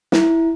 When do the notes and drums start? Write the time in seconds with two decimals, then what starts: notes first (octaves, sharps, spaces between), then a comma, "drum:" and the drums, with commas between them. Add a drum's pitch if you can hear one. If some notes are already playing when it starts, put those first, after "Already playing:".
0.12 E4, drum: snare